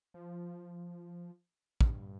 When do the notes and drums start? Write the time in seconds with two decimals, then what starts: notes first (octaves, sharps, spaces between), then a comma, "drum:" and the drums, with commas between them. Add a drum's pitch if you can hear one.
0.14 F3
1.81 G2, drum: kick